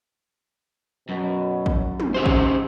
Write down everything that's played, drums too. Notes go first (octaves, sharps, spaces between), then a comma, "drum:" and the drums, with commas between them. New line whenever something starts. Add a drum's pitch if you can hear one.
F#2 B2
drum: kick A1
drum: tom
G#2 C#4 G4 C5
drum: kick A1